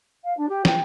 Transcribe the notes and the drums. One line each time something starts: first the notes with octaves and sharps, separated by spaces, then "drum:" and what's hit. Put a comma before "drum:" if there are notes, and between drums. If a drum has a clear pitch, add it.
F5
D4
G4
G5, drum: snare